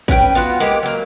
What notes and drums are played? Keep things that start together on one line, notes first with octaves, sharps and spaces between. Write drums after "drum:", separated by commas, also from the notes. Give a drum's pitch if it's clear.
C#4 B4 F#5 G5, drum: kick
B3 F4 F#4
G#3 A#3 G4 B4
F#3 A#3